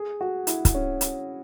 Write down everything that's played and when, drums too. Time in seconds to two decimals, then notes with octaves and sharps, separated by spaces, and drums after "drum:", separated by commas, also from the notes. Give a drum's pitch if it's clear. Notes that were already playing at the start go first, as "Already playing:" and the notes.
Already playing: G#4
0.21 F#4
0.47 E4, drum: hi-hat
0.65 drum: kick, hi-hat
0.74 C#4
1.01 drum: hi-hat